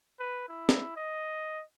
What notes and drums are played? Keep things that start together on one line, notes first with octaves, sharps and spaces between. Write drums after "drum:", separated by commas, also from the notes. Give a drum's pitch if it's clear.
B4
E4
drum: snare
D#5